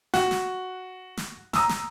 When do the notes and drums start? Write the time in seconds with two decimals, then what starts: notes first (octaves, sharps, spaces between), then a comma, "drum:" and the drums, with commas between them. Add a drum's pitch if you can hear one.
0.14 F#4, drum: snare
0.31 drum: snare
1.17 drum: snare
1.53 A#5 D#6 E6, drum: snare
1.69 drum: snare